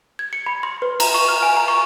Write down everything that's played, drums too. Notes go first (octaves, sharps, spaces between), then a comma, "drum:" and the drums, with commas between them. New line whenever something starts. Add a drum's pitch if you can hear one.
G#6
C#7
B5
C6
B4
A#5, drum: cymbal
C#6
F6
G#5
A#5
C#6